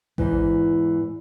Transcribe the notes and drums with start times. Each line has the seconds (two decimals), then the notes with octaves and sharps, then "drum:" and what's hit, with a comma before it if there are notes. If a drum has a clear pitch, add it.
0.18 E2 G#2 E3, drum: kick A1